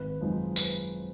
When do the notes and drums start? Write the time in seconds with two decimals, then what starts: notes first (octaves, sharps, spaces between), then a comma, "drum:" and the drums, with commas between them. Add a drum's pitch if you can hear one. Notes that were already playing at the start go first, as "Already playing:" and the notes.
Already playing: G#1 B4
0.20 F#2 F3 G#3 D#4
0.56 B4, drum: tambourine